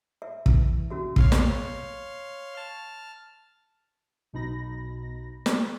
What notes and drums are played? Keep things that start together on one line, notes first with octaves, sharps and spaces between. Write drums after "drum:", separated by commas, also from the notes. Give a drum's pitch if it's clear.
E5
E3, drum: kick
C#4 F#4 E5
C#5 F5 C6, drum: kick
drum: snare
A5 F6
B1 B2 D#4 B5 A#6
drum: snare